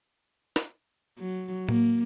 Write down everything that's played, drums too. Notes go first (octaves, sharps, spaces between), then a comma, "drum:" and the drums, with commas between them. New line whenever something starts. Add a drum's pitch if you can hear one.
drum: snare
F#3
A#3, drum: tom A2